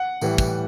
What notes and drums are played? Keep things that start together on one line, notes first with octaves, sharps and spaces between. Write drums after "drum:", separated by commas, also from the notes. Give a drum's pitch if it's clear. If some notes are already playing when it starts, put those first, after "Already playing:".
Already playing: F#5
A2 E3 G3, drum: tambourine
drum: kick, tambourine